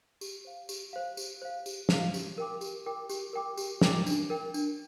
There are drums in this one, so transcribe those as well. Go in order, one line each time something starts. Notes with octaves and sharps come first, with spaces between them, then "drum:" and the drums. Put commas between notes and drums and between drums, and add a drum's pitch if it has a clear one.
G4, drum: tambourine
C5 F5
G4, drum: tambourine
C5 F5
G4, drum: tambourine
C5 F5
G4, drum: tambourine
C5 F5, drum: snare
G4, drum: tambourine
A#4 G5 D6
G4, drum: tambourine
A#4 G5 D6
G4, drum: tambourine
A#4 G5 D6
G4, drum: tambourine
A#4 G5 D6, drum: snare
D4, drum: tambourine
A#4 G5
D4, drum: tambourine